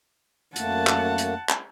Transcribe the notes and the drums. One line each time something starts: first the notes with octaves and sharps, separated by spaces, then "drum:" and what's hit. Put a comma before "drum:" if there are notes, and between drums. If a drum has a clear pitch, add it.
F#2 A3 A#3 F#5 A5, drum: hi-hat
drum: clap
drum: hi-hat
drum: clap